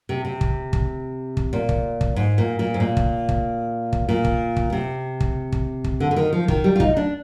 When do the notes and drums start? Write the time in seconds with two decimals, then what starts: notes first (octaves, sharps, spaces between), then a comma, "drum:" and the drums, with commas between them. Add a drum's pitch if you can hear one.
0.09 C3
0.25 C3
0.41 drum: kick
0.73 drum: kick
1.37 drum: kick
1.53 A#2
1.69 drum: kick
2.01 drum: kick
2.16 G#2
2.38 A#2
2.59 A#2
2.74 G#2
2.80 A#2
2.97 drum: kick
3.29 drum: kick
3.93 drum: kick
4.09 A#2
4.25 drum: kick
4.57 drum: kick
4.73 C3
5.20 drum: kick
5.52 drum: kick
5.84 drum: kick
6.00 D3
6.11 D3
6.16 D#3
6.33 F3
6.48 D#3, drum: kick
6.64 G3
6.76 F4
6.80 D#4, drum: kick
6.97 D4